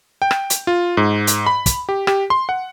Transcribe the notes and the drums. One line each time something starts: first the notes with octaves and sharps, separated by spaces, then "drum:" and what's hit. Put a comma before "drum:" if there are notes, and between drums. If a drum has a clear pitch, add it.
G5
drum: rim click
drum: hi-hat
F4
G#2
drum: hi-hat
B5
drum: kick, hi-hat
G4
G4, drum: rim click
C6
F#5